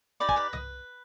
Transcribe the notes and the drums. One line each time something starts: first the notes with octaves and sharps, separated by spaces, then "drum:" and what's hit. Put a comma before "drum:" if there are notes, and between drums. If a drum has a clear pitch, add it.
D#4 G4 D5 B5
G#5, drum: kick
B4 B5
D#5, drum: tom C2